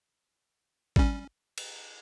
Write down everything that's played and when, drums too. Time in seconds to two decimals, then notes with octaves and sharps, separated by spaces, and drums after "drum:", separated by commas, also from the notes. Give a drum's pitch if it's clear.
0.96 G3 C#4, drum: kick G#1
1.58 drum: cymbal